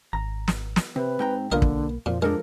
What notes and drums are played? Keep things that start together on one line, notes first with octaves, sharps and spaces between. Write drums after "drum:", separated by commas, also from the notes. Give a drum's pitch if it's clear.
G#1 A#5
drum: snare
drum: snare
C3 C4 B4
G#2 G5 A#5
B1 D3 A#3 B3 F4 A#4 D#5
drum: kick
F2 A#2 F3
F3 G#3 D4 A4 A#4